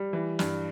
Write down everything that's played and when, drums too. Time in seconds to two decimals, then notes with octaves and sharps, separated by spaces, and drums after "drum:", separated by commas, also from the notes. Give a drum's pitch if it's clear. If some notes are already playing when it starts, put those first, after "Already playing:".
Already playing: G3
0.13 E3
0.39 G2, drum: snare